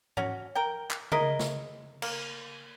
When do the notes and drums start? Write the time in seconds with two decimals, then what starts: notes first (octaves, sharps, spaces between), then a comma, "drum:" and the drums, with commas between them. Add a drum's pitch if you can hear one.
0.17 C#4 F#4, drum: tom G#2
0.55 A#4 G5
0.90 drum: clap
1.12 G#3 E4 A#4 D#5, drum: tom C#3
1.39 drum: snare
2.02 A#3, drum: cymbal